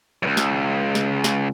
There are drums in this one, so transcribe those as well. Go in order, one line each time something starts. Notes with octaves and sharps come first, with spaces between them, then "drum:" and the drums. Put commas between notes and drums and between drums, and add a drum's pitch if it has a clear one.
C#2 F#2
drum: snare
drum: snare
drum: snare